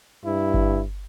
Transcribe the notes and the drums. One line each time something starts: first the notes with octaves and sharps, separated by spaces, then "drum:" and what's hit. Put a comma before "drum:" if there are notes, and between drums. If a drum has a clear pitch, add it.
G2 E4
drum: kick G1